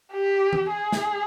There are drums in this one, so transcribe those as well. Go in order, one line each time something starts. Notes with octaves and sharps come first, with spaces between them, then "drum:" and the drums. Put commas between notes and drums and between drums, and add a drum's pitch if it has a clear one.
G4
drum: tom E3
G#4
drum: snare